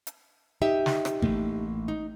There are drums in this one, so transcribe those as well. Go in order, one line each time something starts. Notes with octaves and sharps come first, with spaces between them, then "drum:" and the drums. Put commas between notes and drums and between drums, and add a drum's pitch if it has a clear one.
drum: hi-hat
D#4 G4 E5
drum: snare
drum: rim click
A1 A3 A#3, drum: kick
D#4